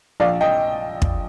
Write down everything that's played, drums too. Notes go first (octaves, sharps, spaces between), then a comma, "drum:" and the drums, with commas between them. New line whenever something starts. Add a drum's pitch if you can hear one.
A#1 D5 F5
D#5 G5
drum: kick